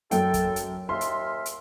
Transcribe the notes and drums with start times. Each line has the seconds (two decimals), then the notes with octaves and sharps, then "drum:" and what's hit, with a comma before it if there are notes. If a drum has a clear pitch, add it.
0.11 F#2 A4 G5, drum: hi-hat
0.34 drum: kick, hi-hat
0.56 drum: hi-hat
0.89 D#2 E5 C6 F6
1.01 drum: hi-hat
1.46 drum: hi-hat